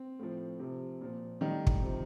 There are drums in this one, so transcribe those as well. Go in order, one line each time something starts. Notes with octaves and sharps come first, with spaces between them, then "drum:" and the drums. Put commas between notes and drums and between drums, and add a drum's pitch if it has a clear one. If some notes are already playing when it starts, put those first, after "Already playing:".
Already playing: C4
A2 F3
C3 F3
A#2 F3
A2 D#3 G3 D#4
drum: kick
C3 F3